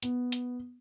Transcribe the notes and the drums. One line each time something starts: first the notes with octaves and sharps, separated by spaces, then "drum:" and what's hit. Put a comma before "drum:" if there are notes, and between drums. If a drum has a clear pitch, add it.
B3, drum: hi-hat
drum: hi-hat